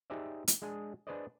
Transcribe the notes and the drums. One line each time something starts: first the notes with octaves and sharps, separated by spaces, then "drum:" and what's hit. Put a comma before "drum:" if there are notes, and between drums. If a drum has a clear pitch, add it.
D#4 G4 G#4 C5 D5 E5
drum: hi-hat
G#3 D4 G#4 D#5
D4 G#4 B4 C5 D5 D#5